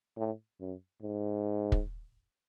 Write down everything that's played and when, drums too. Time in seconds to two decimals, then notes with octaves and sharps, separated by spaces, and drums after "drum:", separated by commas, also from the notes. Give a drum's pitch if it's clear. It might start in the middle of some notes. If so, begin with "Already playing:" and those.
0.17 A2
0.61 F#2
1.02 G#2
1.72 drum: kick